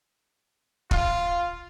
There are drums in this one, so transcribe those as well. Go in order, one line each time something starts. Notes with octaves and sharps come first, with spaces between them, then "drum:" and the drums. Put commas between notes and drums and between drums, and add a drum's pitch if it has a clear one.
F4, drum: kick